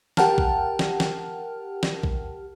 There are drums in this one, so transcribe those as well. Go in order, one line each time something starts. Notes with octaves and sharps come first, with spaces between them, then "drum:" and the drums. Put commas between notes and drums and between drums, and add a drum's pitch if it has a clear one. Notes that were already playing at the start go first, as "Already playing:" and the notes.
G4 A#4 F#5 G5 A5 F6, drum: snare
drum: kick A#1
drum: snare
drum: snare
drum: snare
drum: kick A#1